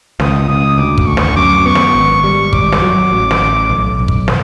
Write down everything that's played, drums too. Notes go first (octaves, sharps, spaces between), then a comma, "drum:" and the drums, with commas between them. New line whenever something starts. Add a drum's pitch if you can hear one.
C#2 D#6, drum: snare
C#2 D#6
D2 D6
drum: kick
D2 C#6
drum: snare
F#2 D6
B3 C#6
drum: snare
G#1
G3
G#1 D6, drum: kick
drum: snare
F#3
A1
drum: snare
A1
B1
B1
drum: kick
drum: snare